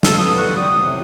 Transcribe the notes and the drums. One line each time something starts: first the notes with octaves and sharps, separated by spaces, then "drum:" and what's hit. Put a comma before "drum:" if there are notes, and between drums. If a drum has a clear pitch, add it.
A4 D#5 F5 A5, drum: snare
D3 B3 D#6
F#4
G4 D5 F#5 D#6
A2 C3